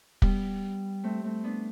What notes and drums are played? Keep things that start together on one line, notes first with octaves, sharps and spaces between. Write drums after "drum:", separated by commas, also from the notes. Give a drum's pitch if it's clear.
G3 B3, drum: kick
A3 C4
A3 C4
B3 D4